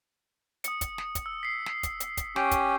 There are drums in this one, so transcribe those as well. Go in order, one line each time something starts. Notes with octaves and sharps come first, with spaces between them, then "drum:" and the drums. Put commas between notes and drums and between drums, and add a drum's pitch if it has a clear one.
D#6 C#7, drum: hi-hat
drum: kick, hi-hat
drum: snare
drum: kick, hi-hat
E6
B6 C7
drum: snare
drum: kick, hi-hat
drum: hi-hat
drum: kick, hi-hat
C#4 G4 C#6 G6 D7, drum: snare
drum: kick, hi-hat